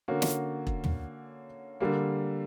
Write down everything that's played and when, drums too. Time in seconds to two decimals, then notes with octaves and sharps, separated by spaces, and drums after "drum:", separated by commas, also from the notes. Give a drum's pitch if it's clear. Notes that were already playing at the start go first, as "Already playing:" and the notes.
0.08 D3 A#3 C#4 F#4
0.22 drum: snare
0.67 drum: kick E1
0.84 drum: tom
1.80 D3 G3 A#3